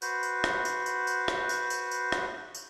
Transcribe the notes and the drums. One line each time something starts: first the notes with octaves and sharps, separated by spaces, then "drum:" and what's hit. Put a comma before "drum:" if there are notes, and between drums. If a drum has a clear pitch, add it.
F#4 B4 C5, drum: tambourine
drum: tambourine
drum: rim click
drum: tambourine
drum: tambourine
drum: tambourine
drum: rim click
drum: tambourine
drum: tambourine
drum: tambourine
drum: rim click
drum: tambourine